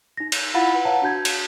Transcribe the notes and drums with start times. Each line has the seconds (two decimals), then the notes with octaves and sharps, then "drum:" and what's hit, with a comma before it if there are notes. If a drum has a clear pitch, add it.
0.17 D#4 A#6
0.32 drum: cymbal
0.54 E4 F4 F5 F#5 B5 A6
0.73 B4 F#5
0.85 B4 C#5 F5 F#5 A5 A#5
1.02 D4 F#4 A5 G6 G#6
1.25 drum: cymbal